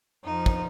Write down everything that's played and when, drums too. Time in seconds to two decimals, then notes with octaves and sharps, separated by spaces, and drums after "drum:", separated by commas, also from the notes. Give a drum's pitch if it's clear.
0.24 F2 F3 D#4
0.46 drum: kick